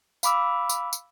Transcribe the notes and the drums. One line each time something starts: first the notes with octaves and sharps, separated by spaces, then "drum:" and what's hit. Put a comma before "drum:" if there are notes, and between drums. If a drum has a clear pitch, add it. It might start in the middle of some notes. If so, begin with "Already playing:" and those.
F5 B5 D6 E6, drum: tambourine
drum: tambourine
drum: tambourine